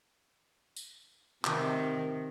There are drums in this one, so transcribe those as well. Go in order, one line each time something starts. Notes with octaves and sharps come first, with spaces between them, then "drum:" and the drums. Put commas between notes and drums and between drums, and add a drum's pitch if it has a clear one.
drum: tambourine
C3 D#3, drum: clap